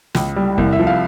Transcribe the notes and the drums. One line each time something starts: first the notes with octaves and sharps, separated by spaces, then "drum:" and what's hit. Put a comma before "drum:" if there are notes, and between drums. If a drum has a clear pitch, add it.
C#2, drum: snare
G3
C2, drum: kick E2
E5
F3
F5